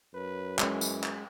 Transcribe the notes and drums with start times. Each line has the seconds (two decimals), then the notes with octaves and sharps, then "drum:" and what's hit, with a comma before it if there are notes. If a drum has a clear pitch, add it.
0.15 F#2 B4
0.59 E3 G#3 C#4, drum: clap
0.81 drum: tambourine
1.04 drum: clap